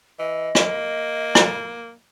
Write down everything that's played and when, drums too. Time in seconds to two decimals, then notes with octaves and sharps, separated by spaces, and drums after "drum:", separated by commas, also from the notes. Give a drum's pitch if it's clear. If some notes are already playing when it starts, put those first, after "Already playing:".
0.19 E3 D#5
0.55 A#3, drum: rim click
1.35 drum: rim click